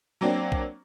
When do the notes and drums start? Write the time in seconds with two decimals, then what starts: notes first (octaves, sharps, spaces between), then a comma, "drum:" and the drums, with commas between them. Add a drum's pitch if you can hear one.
0.21 F#3 A#3 C4 D4
0.52 drum: kick B1